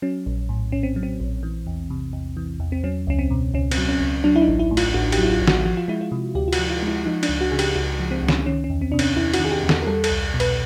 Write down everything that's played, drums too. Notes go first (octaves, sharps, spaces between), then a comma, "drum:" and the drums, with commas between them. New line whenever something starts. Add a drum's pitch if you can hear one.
F#3 C#4
A#1
A2
A#1 C#4
C4
F#3
C4
A#1
E3
E2
C3
E2
E3
E2
C4
F#3 C#4
C#2 C#4
C4
B2
C#2 C#4
C4, drum: cymbal
F#3
C#4
C#2
F#3 D4
E4
D#4
A1
E4
A2
F4, drum: cymbal
A1 F#4
G4, drum: cymbal
F#3 E4
F4
A1
F#4, drum: snare
F3 F#4
F4
G#3 E4
F4
C3
D2 G4
F4
F#4, drum: cymbal
F3
F4
G#3 E4
F3 D#4
D4, drum: cymbal
C#2
F#4
C#3 G#4
G4, drum: cymbal
C#2 F#4
F3
C4
C#2
C#4, drum: snare
D#3 C#4
C#4
E2
C4
C3 D4
C#4, drum: cymbal
E2 E4
F#4, drum: cymbal
D#3 G#4
G4
E2
A4, drum: snare
A#4
G3 A4
A4, drum: cymbal
C2
B2
B4, drum: cymbal